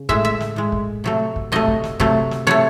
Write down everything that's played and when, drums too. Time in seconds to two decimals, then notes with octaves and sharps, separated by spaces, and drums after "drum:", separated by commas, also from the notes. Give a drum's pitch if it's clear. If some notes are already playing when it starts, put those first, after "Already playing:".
Already playing: C#3
0.09 A2 G#3 E5, drum: kick
0.25 E5
0.40 drum: snare
0.56 A2 G#3
0.72 drum: kick
1.04 C3 F#3 A3
1.36 drum: kick
1.52 C3 F#3 A3 D#5
1.68 drum: kick
1.84 drum: snare
2.00 C3 F#3 A3, drum: kick
2.31 drum: snare
2.47 C3 F#3 A3 C#5